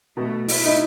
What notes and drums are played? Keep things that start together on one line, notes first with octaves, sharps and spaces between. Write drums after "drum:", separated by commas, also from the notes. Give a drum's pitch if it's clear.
B2 A3
E4, drum: open hi-hat
D#4